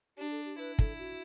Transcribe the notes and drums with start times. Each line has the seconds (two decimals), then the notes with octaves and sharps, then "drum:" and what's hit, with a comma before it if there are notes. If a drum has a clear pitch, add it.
0.17 D4 G4
0.31 A4
0.45 G4
0.58 E4 B4
0.79 A4, drum: kick
0.98 F#4